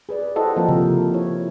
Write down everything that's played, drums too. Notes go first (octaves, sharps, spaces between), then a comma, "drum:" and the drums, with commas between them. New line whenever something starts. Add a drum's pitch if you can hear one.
G#4 B4 D5
E4 G4 A4 C5 D#5 F#5
F3 A#3 C4 E4 G4 A#4
drum: tom C3
E4 C#5